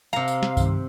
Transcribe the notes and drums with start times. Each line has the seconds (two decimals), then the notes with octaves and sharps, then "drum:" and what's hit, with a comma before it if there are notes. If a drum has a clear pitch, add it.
0.13 C3 F5 A#5
0.28 drum: tambourine
0.43 drum: snare
0.57 G2 D#3, drum: kick C2, tambourine